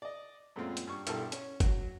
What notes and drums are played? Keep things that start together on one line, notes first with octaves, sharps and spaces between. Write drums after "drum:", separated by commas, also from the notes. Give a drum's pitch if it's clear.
D5 D#5
F#2 A#2 G#3 A3 C4 F4
drum: hi-hat
G2 C#6
B1 G2 E4 A4 A#4 G5, drum: hi-hat
C#4, drum: hi-hat
F#3, drum: kick F#1, hi-hat